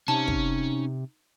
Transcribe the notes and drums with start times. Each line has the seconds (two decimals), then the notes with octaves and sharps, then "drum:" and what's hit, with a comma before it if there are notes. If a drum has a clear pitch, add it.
0.08 C3 C#4 D#4 A5
0.28 drum: kick